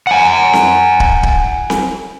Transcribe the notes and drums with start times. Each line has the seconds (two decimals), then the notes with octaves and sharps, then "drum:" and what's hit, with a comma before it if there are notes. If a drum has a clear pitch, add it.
0.07 F#5 G#5
0.53 drum: snare C4
1.00 drum: kick D1
1.23 drum: kick D1
1.70 drum: snare C4